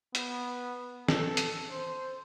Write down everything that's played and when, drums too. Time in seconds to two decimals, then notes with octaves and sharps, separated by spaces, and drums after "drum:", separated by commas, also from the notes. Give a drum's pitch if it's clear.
0.15 B3, drum: hi-hat
1.08 A4, drum: snare
1.37 drum: hi-hat
1.71 C5